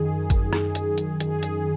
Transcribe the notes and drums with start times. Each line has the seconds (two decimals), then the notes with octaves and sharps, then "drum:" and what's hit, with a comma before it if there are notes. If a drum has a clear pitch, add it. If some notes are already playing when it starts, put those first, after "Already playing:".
Already playing: F#2 D#3 G#4
0.30 drum: kick, hi-hat
0.53 drum: rim click
0.75 drum: hi-hat
0.98 drum: hi-hat
1.20 G#4, drum: hi-hat
1.43 drum: hi-hat